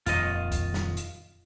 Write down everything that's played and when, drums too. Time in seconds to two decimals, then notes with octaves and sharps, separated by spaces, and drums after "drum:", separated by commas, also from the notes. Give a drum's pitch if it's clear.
0.06 D#1 F2 D#3 F4 D#5, drum: hi-hat
0.52 drum: kick, hi-hat
0.74 drum: snare
0.97 drum: hi-hat